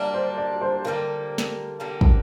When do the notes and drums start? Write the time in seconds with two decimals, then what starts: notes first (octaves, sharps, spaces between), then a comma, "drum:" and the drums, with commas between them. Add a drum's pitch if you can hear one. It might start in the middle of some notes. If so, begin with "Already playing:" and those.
Already playing: G3 A#3 D4 D5 E5
0.14 C5
0.38 D5
0.62 C5
0.85 D3 G3 A#3 A#4
1.38 drum: snare
1.80 D3 G3 A#3
2.01 drum: kick